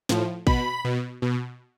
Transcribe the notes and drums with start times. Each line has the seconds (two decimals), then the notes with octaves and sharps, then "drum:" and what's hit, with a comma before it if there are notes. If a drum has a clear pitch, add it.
0.09 A2 F3, drum: snare
0.47 B2 B5, drum: kick A1
0.85 B2
1.22 B2